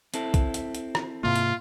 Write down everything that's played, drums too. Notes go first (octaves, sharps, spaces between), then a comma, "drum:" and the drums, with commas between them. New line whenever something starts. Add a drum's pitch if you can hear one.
C4 E4 A4, drum: hi-hat
drum: kick, hi-hat
drum: hi-hat
drum: hi-hat
drum: rim click
G#2 C3 A#3 F4
drum: hi-hat